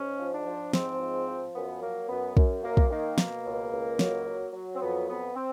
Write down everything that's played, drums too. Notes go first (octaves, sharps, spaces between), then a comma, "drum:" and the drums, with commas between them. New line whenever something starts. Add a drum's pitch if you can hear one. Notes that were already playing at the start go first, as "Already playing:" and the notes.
Already playing: G#2 C#4
F3
D4
F3
G#2 C4, drum: snare
F3
F3
F#2 B3
F#3 A#3
F#2 B3
F#2, drum: kick
F#2 A#3
drum: kick
D#3 A#3
B2, drum: snare
C#2
C#2
F#3, drum: snare
F#3
F#3
C4
F2 B3
F2 B3
C4